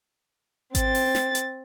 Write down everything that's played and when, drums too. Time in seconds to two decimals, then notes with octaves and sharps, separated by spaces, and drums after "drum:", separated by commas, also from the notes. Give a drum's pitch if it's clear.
0.75 C4 A6, drum: kick G#1, hi-hat
0.95 drum: open hi-hat
1.15 drum: snare
1.35 drum: hi-hat